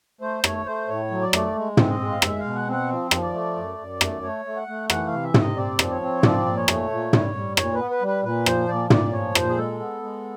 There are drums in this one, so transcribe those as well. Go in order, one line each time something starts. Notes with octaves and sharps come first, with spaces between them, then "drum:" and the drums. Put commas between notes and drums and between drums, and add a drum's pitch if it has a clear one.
A3 C5
A3 C#5, drum: rim click
A3 C5
A2 C#5
F#3
D5
A3, drum: rim click
G#3
C4, drum: tom
D#5
G#3
F5
G#3 E5, drum: rim click
F5
B2
F#5
C4 F#5
F3
F3, drum: rim click
D5
A3
F#2
F#2
A3, drum: rim click
A3 C#5
A3
F#5
A3
E3 F#5, drum: rim click
F5
C3
E5
C3, drum: tom
D#5
C4 D5
F3, drum: rim click
C#5
C4
F3 D5, drum: tom
A#2
C#5
A3, drum: rim click
A#2
G3, drum: tom
G3
A#2 C#5, drum: rim click
B4
B3
B4
G3
B4
A#2 B4
F3 C5, drum: rim click
A#2 D5
A#2 D5, drum: tom
F3 C#5
A#2 C5, drum: rim click
G#4
G#3 A4
B3
G#3